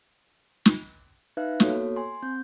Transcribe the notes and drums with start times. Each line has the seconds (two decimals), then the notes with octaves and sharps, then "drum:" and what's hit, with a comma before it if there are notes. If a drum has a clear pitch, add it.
0.66 drum: snare
1.37 D#4 B4 E5 F5 F#6
1.60 A#3 B3 F#4 A4 C#5, drum: snare
1.96 G#5 C6
2.23 C4 G6